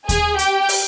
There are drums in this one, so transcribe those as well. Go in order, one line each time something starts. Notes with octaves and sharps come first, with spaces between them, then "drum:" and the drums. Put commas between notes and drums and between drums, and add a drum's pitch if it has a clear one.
G#4 G#5, drum: kick D#2, hi-hat
G4 G5, drum: hi-hat
drum: open hi-hat